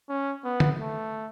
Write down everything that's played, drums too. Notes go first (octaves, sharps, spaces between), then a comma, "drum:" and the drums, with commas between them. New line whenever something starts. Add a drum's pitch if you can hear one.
C#4
B3
drum: tom
A3